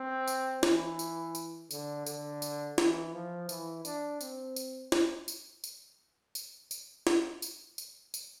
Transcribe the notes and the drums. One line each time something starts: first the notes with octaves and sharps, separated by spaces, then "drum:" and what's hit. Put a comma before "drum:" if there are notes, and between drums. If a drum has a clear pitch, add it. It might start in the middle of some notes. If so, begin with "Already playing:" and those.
Already playing: C4
drum: tambourine
E3, drum: snare
drum: tambourine
drum: tambourine
D3, drum: tambourine
D3, drum: tambourine
drum: tambourine
E3, drum: snare
F3
E3, drum: tambourine
D4, drum: tambourine
C4, drum: tambourine
drum: tambourine
drum: snare
drum: tambourine
drum: tambourine
drum: tambourine
drum: tambourine
drum: snare
drum: tambourine
drum: tambourine
drum: tambourine